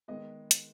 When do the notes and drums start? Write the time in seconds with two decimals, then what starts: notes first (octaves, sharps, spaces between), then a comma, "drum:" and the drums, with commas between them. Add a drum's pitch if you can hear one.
0.08 D#3 G#3 B3 D#5
0.51 drum: hi-hat